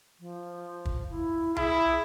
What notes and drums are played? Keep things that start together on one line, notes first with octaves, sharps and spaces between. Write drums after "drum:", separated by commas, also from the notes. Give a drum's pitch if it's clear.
F3
drum: kick
E4
E4 G#4, drum: tom C2